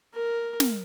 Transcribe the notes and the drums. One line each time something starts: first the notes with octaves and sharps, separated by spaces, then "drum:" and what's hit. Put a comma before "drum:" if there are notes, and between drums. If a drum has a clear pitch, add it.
A#4
drum: snare